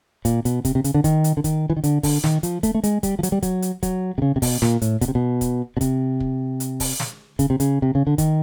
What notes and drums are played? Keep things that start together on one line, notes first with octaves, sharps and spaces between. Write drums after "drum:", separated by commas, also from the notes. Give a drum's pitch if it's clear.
A#2, drum: kick, hi-hat
B2, drum: hi-hat
C3, drum: kick, hi-hat
C3
C#3, drum: hi-hat
D3
D#3, drum: kick, hi-hat
drum: hi-hat
D3
D#3, drum: kick, hi-hat
E3
D#3
D3, drum: hi-hat
D3, drum: kick, open hi-hat
D#3, drum: snare
F3, drum: hi-hat
A3, drum: kick, hi-hat
A3
G#3, drum: hi-hat
G3, drum: kick, hi-hat
F3
F#3, drum: hi-hat
G3
F#3, drum: kick, hi-hat
drum: hi-hat
F#3, drum: kick, hi-hat
C3
C#3
C3
B2, drum: kick, open hi-hat
A#2, drum: snare
A2, drum: hi-hat
B2, drum: kick, hi-hat
C3
B2
drum: kick, hi-hat
B2
C3, drum: kick, hi-hat
drum: kick
drum: hi-hat
drum: kick, open hi-hat
drum: snare
C#3, drum: kick, hi-hat
C3
C#3, drum: hi-hat
C3
C#3
D3
D#3, drum: kick, hi-hat